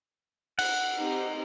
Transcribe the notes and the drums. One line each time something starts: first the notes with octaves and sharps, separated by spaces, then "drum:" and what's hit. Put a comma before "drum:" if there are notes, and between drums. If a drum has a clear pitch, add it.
F#5, drum: cymbal
C4 D#4 G4